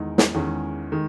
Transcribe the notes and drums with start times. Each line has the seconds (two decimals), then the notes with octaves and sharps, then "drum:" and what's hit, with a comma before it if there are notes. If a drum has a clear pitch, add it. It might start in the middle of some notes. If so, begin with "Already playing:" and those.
Already playing: E2 D#3 G#3 D#4
0.18 drum: snare
0.34 E2 D#3 G#3 C#4
0.92 D#3 G#3